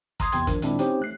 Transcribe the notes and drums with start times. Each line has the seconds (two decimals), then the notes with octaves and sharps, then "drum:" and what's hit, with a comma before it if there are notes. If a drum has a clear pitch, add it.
0.20 A#5 C6 D#6 G#6 C7, drum: kick, hi-hat
0.32 E2 C3 G5 C6 G#6, drum: hi-hat
0.47 D#3 F3 D4 A#4, drum: kick, hi-hat
0.62 A#2 D#3 G#3 C4 D4 E4, drum: hi-hat
0.79 C4 C#4 D#4 G4 C5 C#5, drum: hi-hat
1.00 A3 F#6 C7